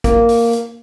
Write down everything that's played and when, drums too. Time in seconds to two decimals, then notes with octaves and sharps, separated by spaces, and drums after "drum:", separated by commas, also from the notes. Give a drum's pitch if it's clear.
0.04 A#3, drum: kick, hi-hat
0.29 drum: open hi-hat
0.53 drum: hi-hat